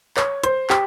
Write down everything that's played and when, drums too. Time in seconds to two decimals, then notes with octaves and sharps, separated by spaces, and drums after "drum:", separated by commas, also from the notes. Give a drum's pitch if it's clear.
0.17 C#5, drum: clap
0.44 C5, drum: hi-hat
0.70 G4, drum: clap